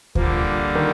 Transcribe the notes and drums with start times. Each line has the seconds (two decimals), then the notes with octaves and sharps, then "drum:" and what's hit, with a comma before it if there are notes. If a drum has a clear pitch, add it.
0.15 D3 F3 G3 A#3, drum: kick D2
0.75 D#3